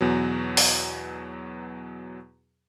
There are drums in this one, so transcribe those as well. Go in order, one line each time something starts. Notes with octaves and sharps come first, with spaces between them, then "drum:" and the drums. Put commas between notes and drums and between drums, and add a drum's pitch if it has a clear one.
E2 B2 F#3
drum: open hi-hat